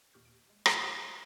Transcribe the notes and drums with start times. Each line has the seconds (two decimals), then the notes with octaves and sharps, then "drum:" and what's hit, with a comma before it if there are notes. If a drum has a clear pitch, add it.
0.13 D#2 A#2 G4 C#6 F6 G6
0.25 D7
0.50 G#3
0.66 B1 C#3, drum: rim click
0.88 A5 G#6 A#6
1.04 C5